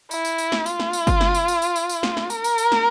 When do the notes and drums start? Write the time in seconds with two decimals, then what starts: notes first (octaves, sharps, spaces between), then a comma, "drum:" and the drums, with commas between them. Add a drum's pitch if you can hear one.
0.11 E4, drum: tambourine
0.25 drum: tambourine
0.38 drum: tambourine
0.52 drum: snare
0.66 F4, drum: tambourine
0.80 drum: snare
0.93 drum: tambourine
1.07 drum: kick G1, tambourine
1.21 drum: snare
1.34 drum: tambourine
1.48 drum: tambourine
1.62 drum: tambourine
1.76 drum: tambourine
1.89 drum: tambourine
2.03 drum: snare
2.17 drum: snare
2.30 A#4, drum: tambourine
2.44 drum: tambourine
2.58 drum: tambourine
2.72 drum: snare